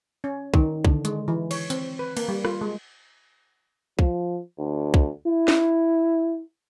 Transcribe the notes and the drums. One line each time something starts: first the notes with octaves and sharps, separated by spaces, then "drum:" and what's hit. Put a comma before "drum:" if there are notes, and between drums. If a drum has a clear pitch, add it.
C#4
D#3, drum: kick
D3, drum: kick
G#3, drum: hi-hat
E3
C#5, drum: cymbal
C4, drum: hi-hat
B4
A#3, drum: cymbal
G3
F4, drum: rim click
G#3
F3, drum: kick
D2
drum: kick
E4
drum: snare